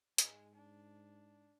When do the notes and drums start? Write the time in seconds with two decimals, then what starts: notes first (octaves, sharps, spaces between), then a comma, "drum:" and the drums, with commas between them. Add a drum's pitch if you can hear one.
0.18 G#2 G#3, drum: hi-hat
0.55 D4